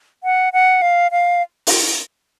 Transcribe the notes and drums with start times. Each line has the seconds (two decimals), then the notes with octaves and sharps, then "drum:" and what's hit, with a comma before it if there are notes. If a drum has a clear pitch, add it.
0.24 F#5
0.53 F#5
0.82 F5
1.12 F5
1.67 drum: open hi-hat